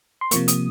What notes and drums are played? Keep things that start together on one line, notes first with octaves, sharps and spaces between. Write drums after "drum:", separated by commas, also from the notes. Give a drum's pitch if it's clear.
C6
C3 F3 A#3 C#6, drum: hi-hat
D#6, drum: hi-hat